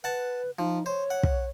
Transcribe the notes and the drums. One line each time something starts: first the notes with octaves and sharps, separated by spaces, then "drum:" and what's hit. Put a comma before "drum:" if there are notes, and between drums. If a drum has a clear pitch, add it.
B4 F#5 A5
F3 D#4
C5 C#5
F#5
drum: kick